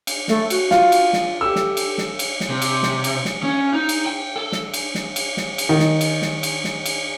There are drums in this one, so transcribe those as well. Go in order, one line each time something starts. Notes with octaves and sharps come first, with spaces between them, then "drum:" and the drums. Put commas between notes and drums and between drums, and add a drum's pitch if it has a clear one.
drum: cymbal
A3, drum: snare
F#4, drum: cymbal
F4, drum: snare
drum: cymbal
drum: snare
G4 A4 E6
drum: snare
drum: cymbal
drum: snare
drum: cymbal
drum: snare
C3
drum: cymbal
drum: snare
drum: cymbal
drum: snare
C#4
D#4
drum: cymbal
G5
A4
drum: snare
drum: cymbal
drum: snare
drum: cymbal
drum: snare
drum: cymbal
D#3
drum: snare
drum: cymbal
drum: snare
drum: cymbal
drum: snare
drum: cymbal